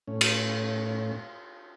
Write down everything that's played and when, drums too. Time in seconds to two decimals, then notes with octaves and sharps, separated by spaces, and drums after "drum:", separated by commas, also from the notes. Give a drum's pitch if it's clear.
0.08 A2 C#4
0.21 drum: cymbal